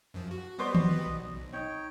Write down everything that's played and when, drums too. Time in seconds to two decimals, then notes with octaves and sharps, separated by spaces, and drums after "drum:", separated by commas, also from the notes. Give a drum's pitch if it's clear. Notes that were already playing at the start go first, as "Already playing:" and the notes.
0.14 F#2 F3
0.31 F#4
0.59 G3 B3 F#4 B4 C5 D5 D#5
0.75 drum: tom D#3
1.06 B1
1.53 D#4 C#5 G5